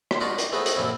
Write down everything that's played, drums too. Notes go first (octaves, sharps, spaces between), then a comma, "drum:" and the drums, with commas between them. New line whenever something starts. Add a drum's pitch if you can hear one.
drum: rim click
D4 D#4 F4 F#4 D5
drum: hi-hat
G#3 A3 B3 D#4 B4 C5
drum: hi-hat
F#2 A#2 F3 C4 E4